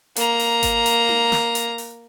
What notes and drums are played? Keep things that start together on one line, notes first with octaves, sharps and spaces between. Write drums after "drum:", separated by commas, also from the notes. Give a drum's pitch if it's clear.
A#3 A#5, drum: hi-hat
drum: open hi-hat
drum: kick G#1, hi-hat
drum: hi-hat
drum: tom D#4
drum: snare
drum: hi-hat
drum: open hi-hat